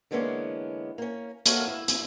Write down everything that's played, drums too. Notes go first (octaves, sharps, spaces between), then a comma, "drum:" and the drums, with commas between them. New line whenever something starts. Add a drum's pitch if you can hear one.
D3 E3 G#3 A#3 B3 C#4
A#3 C#4
A#3 F#4 A4 C#5 E5 F5, drum: hi-hat
E4 E5
drum: hi-hat